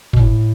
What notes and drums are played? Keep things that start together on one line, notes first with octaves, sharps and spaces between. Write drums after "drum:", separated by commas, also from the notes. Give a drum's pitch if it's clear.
B2, drum: kick G1
A2